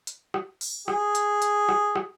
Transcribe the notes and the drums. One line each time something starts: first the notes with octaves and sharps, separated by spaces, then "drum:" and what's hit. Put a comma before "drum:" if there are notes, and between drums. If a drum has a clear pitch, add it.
drum: hi-hat
drum: rim click
drum: open hi-hat
G#4, drum: rim click
drum: hi-hat
drum: hi-hat
drum: rim click
drum: rim click